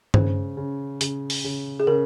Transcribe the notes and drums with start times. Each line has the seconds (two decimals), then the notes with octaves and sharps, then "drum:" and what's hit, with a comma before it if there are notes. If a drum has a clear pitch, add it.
0.14 C#3 C5, drum: tom G2
0.57 C#3
1.01 C#3, drum: hi-hat
1.30 drum: open hi-hat
1.44 C#3
1.80 G#4
1.87 C#3 A#4